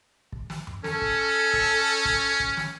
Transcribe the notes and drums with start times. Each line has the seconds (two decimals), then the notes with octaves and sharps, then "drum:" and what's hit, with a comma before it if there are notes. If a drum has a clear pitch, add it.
0.32 drum: kick
0.50 drum: snare
0.67 drum: tom F#2
0.84 C#4 A4, drum: snare
1.02 drum: kick
1.53 drum: kick
2.05 drum: kick
2.40 drum: kick
2.57 drum: snare